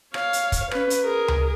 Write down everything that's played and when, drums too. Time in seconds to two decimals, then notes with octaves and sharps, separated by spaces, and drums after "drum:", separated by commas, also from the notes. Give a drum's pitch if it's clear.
0.14 C#5 F5, drum: rim click
0.33 drum: hi-hat
0.52 drum: kick, hi-hat
0.71 C#4 B4, drum: rim click
0.90 drum: hi-hat
1.03 G#4 A#4
1.28 drum: tom C#2